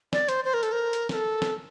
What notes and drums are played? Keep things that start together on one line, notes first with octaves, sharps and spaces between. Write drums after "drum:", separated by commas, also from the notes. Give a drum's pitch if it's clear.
D5, drum: snare
C5, drum: hi-hat
C5
A#4
A4, drum: hi-hat
A#4
drum: hi-hat
A#4, drum: snare
A4
drum: snare